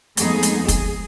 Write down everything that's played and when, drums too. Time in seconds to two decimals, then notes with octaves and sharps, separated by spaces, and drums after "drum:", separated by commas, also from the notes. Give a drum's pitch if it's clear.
0.17 F2 G#3 A3 B3 D#4 G#4, drum: hi-hat
0.43 drum: hi-hat
0.68 G#4, drum: kick, hi-hat